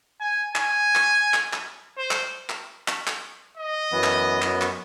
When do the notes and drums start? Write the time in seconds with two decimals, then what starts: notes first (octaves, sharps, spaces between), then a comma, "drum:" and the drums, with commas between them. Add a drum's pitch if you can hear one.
0.21 G#5
0.56 G#5, drum: clap
0.95 drum: clap
1.34 drum: clap
1.53 drum: clap
1.98 C5
2.11 drum: clap
2.49 drum: clap
2.88 drum: clap
3.07 drum: clap
3.57 D#5
3.92 F#2 E3 B3
4.04 drum: clap
4.42 F#2 B3, drum: clap
4.61 drum: clap